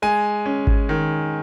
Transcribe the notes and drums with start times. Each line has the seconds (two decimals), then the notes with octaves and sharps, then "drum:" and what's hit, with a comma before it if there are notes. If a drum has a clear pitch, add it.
0.02 G#3 G#5
0.46 C#4
0.67 drum: kick G#1
0.89 D#3